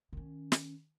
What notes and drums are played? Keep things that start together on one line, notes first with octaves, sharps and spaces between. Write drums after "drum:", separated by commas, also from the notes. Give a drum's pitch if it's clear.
D#3 C#4
drum: snare